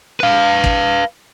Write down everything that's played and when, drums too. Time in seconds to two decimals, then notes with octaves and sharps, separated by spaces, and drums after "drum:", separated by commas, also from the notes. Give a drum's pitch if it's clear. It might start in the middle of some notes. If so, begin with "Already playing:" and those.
0.20 B4 F5
0.64 drum: kick